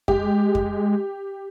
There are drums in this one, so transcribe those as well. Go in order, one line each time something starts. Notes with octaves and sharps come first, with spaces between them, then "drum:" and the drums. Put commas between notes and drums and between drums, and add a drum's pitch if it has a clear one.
G#3 G4, drum: kick F2
drum: kick F2